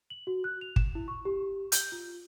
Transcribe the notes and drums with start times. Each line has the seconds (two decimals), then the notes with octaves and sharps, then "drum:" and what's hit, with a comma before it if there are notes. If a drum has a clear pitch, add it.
0.10 F#7
0.27 F#4
0.44 F#6
0.61 F7
0.76 E7, drum: kick
0.95 E4
1.08 C#6
1.25 G4
1.72 G6, drum: hi-hat
1.92 F4